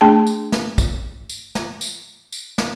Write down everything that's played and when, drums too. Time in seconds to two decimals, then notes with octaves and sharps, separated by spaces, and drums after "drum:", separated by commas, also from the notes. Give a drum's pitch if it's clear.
0.01 A3 D4 G#4 G5 A5
0.27 drum: tambourine
0.52 drum: snare
0.78 drum: kick, tambourine
1.29 drum: tambourine
1.55 drum: snare
1.81 drum: tambourine
2.32 drum: tambourine
2.58 drum: snare